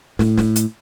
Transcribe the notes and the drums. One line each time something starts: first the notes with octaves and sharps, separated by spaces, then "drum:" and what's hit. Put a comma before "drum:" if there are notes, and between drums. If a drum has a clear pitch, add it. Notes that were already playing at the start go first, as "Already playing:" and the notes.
A2, drum: snare
drum: snare
drum: hi-hat